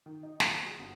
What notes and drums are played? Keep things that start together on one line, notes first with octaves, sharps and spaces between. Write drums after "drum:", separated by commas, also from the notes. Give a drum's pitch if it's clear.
D#3
D#4
D2, drum: snare
G#4
G1